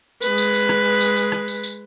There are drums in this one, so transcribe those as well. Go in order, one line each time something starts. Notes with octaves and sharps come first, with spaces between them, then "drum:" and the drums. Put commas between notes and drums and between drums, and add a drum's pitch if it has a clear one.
G#3 B4, drum: tambourine
drum: tambourine
drum: tambourine
drum: rim click
drum: tambourine
drum: tambourine
drum: rim click
drum: tambourine
drum: tambourine